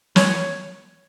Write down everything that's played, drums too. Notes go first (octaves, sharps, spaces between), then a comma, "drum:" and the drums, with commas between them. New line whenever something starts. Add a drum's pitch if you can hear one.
C#5, drum: snare